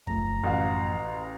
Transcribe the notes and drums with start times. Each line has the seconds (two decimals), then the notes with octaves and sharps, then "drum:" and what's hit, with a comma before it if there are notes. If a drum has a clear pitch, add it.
0.07 F#1 F3 A3 A#5, drum: kick
0.44 A1 F#4 F5